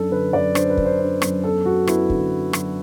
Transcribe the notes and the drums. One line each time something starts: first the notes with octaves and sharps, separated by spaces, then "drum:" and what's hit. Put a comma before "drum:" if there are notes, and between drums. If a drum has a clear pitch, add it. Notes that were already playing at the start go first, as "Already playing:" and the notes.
Already playing: F#2 D4 A4
D3 B4
F#2 D5
D4 C5, drum: rim click
B4
D4, drum: kick
C5
D4
F#2, drum: rim click
B3 A4
B3 F#4
B3 E4, drum: rim click
D3, drum: kick
B3
F#3, drum: rim click